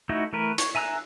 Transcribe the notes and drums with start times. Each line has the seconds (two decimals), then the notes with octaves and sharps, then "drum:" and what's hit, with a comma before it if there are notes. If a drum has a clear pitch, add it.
0.09 A3 D#4 E4 F#4
0.33 E3 A3 A#4 B4
0.58 C#5, drum: hi-hat
0.75 E5 G#5 A#5 E6 F#6